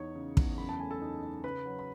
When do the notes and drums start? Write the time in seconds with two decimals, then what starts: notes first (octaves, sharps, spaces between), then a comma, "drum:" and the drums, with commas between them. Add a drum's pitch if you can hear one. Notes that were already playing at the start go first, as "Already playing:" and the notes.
Already playing: E2 D#4 C#5 C#6
0.15 C#3
0.37 E2, drum: kick
0.58 F#2 B5
0.69 A5
0.80 A3 G#5
0.91 A4 A5
1.01 D#4
1.22 D#4
1.44 C#3 B4 B5
1.65 F#3
1.79 B5